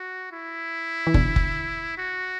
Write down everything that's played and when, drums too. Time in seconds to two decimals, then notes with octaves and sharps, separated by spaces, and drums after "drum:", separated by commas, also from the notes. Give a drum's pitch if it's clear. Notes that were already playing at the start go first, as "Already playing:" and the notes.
Already playing: F#4
0.31 E4
1.07 E3
1.14 B2 D3, drum: kick
1.36 drum: kick
1.97 F#4